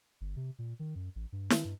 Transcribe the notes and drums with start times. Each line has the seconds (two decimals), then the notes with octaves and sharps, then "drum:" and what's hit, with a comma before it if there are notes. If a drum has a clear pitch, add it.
0.21 G1
0.36 C3
0.59 A#2
0.79 D#3
0.95 F#2
1.16 A1
1.32 G2
1.50 D#3, drum: snare
1.65 G2